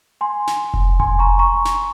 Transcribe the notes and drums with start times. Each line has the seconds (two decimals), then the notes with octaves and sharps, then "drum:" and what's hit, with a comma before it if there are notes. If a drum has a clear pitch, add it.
0.21 G#5 C6
0.47 drum: snare
0.74 drum: kick F1
1.00 G#5 C6, drum: kick F1
1.19 A#5 C#6
1.39 A#5 C#6
1.65 drum: snare